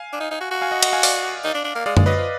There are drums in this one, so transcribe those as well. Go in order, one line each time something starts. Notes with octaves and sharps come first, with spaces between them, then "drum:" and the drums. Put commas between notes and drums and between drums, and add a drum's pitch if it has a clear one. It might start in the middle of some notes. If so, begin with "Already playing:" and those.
Already playing: F5 G#5
D4
D#4
D#4
F#4
F#4
F5 G#5
D#5 F#5
D#5 F#5, drum: cymbal
F5 G#5
D5 F5, drum: open hi-hat
D#4
D4
D4
A#3
G#3 D5 F5
G#3, drum: tom F#2
F#3 B4 D#5
F3